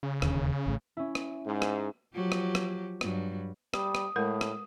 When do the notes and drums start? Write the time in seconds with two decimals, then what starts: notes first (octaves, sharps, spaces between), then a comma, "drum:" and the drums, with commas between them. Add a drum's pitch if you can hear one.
0.03 C#3
0.22 E1 D#2 D3, drum: rim click
0.66 A1 A2
0.97 C#4 E4
1.15 drum: rim click
1.46 G#2
1.62 drum: rim click
2.14 F3 F#3 G4
2.32 drum: rim click
2.55 drum: rim click
3.01 G2 F#3, drum: rim click
3.74 G3 D#6, drum: rim click
3.95 drum: rim click
4.16 A2 G#3 A#4
4.41 drum: rim click